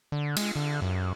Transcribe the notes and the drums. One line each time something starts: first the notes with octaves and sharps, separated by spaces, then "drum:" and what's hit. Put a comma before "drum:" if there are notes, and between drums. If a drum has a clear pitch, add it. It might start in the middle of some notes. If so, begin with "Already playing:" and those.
D3
G#3, drum: cymbal
D3
F#2